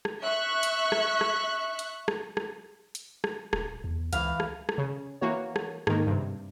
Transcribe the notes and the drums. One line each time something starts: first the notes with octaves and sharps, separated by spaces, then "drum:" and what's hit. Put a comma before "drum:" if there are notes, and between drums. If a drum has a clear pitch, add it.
drum: rim click
E5 C#6 F#6
drum: hi-hat
drum: rim click
drum: rim click
drum: hi-hat
drum: rim click
drum: rim click
drum: hi-hat
drum: rim click
D#1, drum: rim click
E2
C#2 E3 F5, drum: hi-hat
drum: rim click
drum: rim click
C#3
E3 A#3 F#4 C#5
drum: rim click
G#2 D#3 A#3, drum: rim click
G2 C3